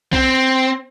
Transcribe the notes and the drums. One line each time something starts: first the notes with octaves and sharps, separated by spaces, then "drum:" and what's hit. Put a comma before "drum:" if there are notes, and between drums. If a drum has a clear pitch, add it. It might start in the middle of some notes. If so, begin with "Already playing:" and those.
C4, drum: kick B1